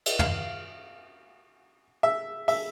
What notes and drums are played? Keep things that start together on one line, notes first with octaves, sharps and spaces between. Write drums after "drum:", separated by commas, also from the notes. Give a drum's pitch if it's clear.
drum: cymbal
F5, drum: tom
E5
E5, drum: open hi-hat